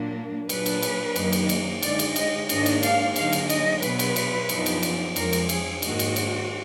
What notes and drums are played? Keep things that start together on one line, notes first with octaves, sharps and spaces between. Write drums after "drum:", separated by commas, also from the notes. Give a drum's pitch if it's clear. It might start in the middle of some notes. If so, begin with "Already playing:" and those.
Already playing: A#2 F#3 A#3 D4
A#2 F#3 D4 B4, drum: cymbal
drum: cymbal
drum: cymbal
F#2 D#3 F#3 A#3 D#4, drum: cymbal
drum: cymbal
drum: cymbal
D3 G#3 D#4 D5, drum: cymbal
drum: cymbal
D#5, drum: cymbal
G#2 D#3 A#3 D4 D#5, drum: cymbal
drum: cymbal
F5, drum: cymbal
D3 F#3 A#3 D#4 F5, drum: cymbal
drum: cymbal
D#5, drum: cymbal
B2 F#3 B3 B4, drum: cymbal
drum: cymbal
drum: cymbal
F#2 F3 B3 D#4, drum: cymbal
drum: cymbal
drum: cymbal
F2 F3 G#3 A#4, drum: cymbal
drum: cymbal
G#4, drum: cymbal
G#2 D#3 A#3 D#4 F#4, drum: cymbal
drum: cymbal
drum: cymbal